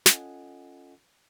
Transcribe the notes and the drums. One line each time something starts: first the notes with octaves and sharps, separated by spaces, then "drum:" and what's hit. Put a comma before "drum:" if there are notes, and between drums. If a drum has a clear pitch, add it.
C#4 F4 A4 D#5 F#5 G#5, drum: snare